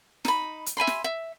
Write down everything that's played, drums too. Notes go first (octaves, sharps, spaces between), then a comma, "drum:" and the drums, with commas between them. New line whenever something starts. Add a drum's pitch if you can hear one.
D#4 B5, drum: snare
drum: hi-hat
E5 G#5 B5 C6
drum: snare
E5